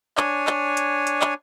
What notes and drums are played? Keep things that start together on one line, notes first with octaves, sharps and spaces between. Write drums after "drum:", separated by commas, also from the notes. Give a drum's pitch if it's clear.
D4 C#5 G#5, drum: clap
drum: clap
drum: hi-hat
drum: hi-hat
drum: clap